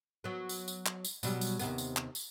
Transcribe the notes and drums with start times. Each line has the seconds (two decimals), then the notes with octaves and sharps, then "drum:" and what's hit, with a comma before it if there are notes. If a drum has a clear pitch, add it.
0.24 F#3 B3
0.49 drum: tambourine
0.68 drum: tambourine
0.86 drum: clap
1.05 drum: tambourine
1.23 B2 F#3 G3, drum: tambourine
1.41 drum: tambourine
1.59 D#2 C3 B3, drum: tambourine
1.78 drum: tambourine
1.97 drum: clap
2.15 drum: tambourine